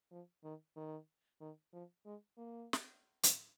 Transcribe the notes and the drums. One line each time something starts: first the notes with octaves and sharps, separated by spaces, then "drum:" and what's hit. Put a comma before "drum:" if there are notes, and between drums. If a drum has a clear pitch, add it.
F3
D#3
D#3
D#3
F3
G#3
A#3
drum: snare
drum: hi-hat